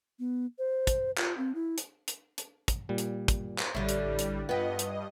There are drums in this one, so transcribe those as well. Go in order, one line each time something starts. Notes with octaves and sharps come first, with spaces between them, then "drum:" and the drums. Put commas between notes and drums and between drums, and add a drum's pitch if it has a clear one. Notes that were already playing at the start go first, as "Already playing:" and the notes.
B3
C5
drum: kick, hi-hat
F4, drum: clap
C4
E4
drum: hi-hat
drum: hi-hat
drum: hi-hat
drum: kick, hi-hat
A#2 G3
drum: hi-hat
drum: kick, hi-hat
drum: clap
A1 D3 G3 E4 C#5
drum: hi-hat
drum: hi-hat
G2 B3 F4 G4 B4 D#5 F#5
drum: hi-hat